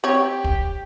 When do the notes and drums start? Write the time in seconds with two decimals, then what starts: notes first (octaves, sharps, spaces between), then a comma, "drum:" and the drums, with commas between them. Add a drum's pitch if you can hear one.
0.04 C4 G4 C#5
0.44 drum: kick